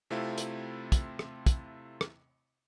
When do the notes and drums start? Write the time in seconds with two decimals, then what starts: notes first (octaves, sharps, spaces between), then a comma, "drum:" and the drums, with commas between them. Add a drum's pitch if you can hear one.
0.10 C3 A3 C4 E4 F4
0.38 drum: hi-hat
0.92 drum: kick, hi-hat
1.19 drum: rim click
1.46 drum: kick, hi-hat
2.01 drum: rim click